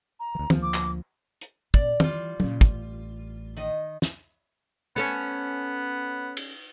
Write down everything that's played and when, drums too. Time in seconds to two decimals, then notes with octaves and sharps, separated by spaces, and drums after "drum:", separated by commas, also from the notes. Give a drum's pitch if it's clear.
0.20 A#5
0.35 D2 E3
0.50 D2 F3 A#3, drum: tom
0.62 D6
0.74 drum: clap
1.41 drum: hi-hat
1.74 A#2 C#3 D5, drum: kick
2.00 E3 G3 F4, drum: tom
2.40 A#2 C#3, drum: tom
2.61 A1, drum: kick
3.57 D#3 D#5
4.02 drum: snare
4.96 B3 C#4 A4 C#5
6.37 drum: cymbal